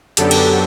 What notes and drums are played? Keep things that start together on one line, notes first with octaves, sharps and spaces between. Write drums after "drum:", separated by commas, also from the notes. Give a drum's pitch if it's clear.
F#2 D3 F#3 B3 D4 G4 A4, drum: hi-hat
drum: cymbal